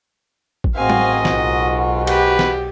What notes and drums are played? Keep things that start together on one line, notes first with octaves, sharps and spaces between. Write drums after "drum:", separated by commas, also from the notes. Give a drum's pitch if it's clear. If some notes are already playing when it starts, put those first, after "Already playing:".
drum: kick A1
A1 G#2 D#3 C4 F#4 D#5 F5 G#5
drum: tom G3
B1 F4, drum: snare
G4 B4, drum: cymbal
drum: snare